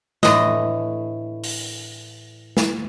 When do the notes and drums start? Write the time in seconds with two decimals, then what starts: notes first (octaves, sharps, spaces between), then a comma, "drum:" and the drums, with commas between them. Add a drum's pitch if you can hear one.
0.23 A2 D3 E3 D#5, drum: snare
1.44 drum: open hi-hat
2.57 drum: snare